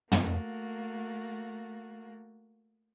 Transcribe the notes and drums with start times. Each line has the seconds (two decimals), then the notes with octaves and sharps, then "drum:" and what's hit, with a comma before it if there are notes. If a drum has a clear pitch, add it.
0.12 A3 A#3 F#4, drum: tom